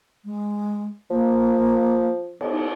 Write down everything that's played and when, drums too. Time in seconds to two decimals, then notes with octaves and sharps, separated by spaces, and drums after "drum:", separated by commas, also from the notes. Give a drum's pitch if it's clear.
0.25 G#3
1.10 F3 A#3
2.41 B3, drum: cymbal